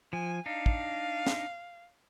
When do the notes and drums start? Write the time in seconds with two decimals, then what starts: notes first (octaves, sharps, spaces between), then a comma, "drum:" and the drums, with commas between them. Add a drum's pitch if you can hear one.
0.13 F3 G#5
0.46 D4 D#4 F5
0.66 drum: kick
1.27 drum: snare